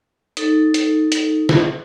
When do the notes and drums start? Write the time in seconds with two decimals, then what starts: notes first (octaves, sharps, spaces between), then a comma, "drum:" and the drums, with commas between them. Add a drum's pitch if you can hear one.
0.37 D#4 A4, drum: hi-hat
0.74 drum: hi-hat
1.12 drum: hi-hat
1.49 drum: snare